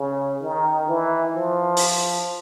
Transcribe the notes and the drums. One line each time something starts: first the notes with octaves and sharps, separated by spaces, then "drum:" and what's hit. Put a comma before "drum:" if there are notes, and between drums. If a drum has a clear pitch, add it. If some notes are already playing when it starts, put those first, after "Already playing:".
Already playing: C#3
D#3
E3
F3
drum: open hi-hat